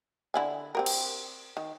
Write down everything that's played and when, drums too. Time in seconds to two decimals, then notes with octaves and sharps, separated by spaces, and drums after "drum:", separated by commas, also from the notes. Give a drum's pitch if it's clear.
0.34 D3 E4 G#5
0.75 C4 G4 A#4
0.86 drum: cymbal
1.57 D#3